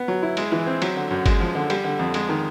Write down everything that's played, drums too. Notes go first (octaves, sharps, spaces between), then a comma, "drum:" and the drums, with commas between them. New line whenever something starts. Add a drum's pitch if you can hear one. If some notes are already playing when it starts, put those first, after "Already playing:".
Already playing: B3
F#3
E4
G#3, drum: cymbal
E3
C4
F#3, drum: cymbal
D3
F#2
G#3, drum: kick G1, cymbal
F3
D3
G3, drum: cymbal
D3
F2
G#3, drum: cymbal
D#3